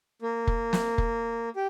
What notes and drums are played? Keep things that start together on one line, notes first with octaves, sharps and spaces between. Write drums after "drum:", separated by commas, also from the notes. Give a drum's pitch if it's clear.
A#3
drum: kick F1
drum: snare
drum: kick F1
G4